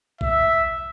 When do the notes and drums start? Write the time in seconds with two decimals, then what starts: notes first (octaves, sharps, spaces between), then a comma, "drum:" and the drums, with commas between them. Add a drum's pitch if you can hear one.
0.21 E5, drum: kick A#1